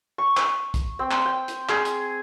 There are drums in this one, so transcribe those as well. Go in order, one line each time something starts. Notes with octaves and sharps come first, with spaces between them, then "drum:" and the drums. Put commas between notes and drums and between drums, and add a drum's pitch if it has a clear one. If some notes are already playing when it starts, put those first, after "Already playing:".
C#6
drum: clap
drum: kick, hi-hat
C4
drum: clap
G5
drum: hi-hat
G#4, drum: clap
drum: hi-hat